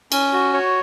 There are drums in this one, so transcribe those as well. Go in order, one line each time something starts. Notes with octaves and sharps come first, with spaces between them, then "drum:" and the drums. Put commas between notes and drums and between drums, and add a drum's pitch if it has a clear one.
C#4, drum: cymbal
F#4
C#5